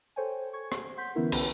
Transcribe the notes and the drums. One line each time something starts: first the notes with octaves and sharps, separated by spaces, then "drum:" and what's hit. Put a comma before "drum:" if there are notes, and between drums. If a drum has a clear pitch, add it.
A4 C5 C#5 G5 G#5
C#6 G#6
C5, drum: rim click
F#5 C6 G6 B6
D3 E3 B3 C#4 E4 A#4
C2 B4 G5, drum: cymbal